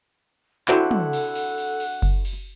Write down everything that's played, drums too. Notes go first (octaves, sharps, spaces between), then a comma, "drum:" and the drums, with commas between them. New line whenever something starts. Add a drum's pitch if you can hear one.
D3 C4 E4 F#4 A4 F#5, drum: clap
drum: tom
drum: cymbal
drum: cymbal
drum: cymbal
drum: cymbal
drum: kick F#1, cymbal
drum: cymbal